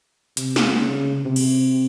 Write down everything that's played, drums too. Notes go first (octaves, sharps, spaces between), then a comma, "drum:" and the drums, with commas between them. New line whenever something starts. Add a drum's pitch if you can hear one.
C3, drum: hi-hat
drum: snare
C#3
C3
drum: cymbal